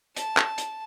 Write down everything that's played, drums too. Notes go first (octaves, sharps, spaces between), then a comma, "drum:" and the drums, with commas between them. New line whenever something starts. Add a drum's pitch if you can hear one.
A5, drum: hi-hat
drum: clap
drum: hi-hat